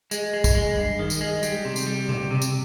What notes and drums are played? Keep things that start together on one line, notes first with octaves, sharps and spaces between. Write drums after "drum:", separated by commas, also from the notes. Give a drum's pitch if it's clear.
G#3, drum: tambourine
G#3
drum: kick, tambourine
G#3
G2
D#3
drum: tambourine
G#3
G3, drum: tambourine
C3
drum: tambourine
G3
C3, drum: tom C3
C3
drum: tambourine